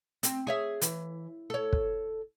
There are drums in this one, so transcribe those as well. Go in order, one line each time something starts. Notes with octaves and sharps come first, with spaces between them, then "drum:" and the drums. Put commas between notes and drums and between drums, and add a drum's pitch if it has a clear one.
C4, drum: hi-hat
G#4 C#5 E5
E3, drum: hi-hat
A4 C#5
drum: kick